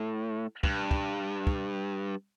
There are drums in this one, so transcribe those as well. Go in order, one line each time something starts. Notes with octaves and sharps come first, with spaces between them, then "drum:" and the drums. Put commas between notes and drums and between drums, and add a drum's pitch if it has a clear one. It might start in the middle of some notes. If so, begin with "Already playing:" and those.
Already playing: A2
G2, drum: kick
drum: kick
drum: kick